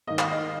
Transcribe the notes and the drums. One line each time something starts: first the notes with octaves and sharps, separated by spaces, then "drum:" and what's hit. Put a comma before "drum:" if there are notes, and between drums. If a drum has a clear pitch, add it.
D#3 A#3 D#5
F5, drum: clap
D#5